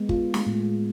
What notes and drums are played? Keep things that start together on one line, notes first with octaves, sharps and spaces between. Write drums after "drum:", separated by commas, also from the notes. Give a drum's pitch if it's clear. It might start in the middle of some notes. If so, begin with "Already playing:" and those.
Already playing: G#3 B3
F4, drum: kick G1
drum: snare
A2